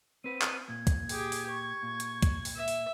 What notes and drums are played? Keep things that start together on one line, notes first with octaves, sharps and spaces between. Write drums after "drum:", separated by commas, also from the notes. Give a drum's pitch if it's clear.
C4 B4 D#7
drum: clap
A#2 G#6
drum: kick, hi-hat
G4 G#4, drum: open hi-hat
drum: open hi-hat
C#6
A#2
drum: hi-hat
drum: kick, hi-hat
drum: open hi-hat
E5
drum: open hi-hat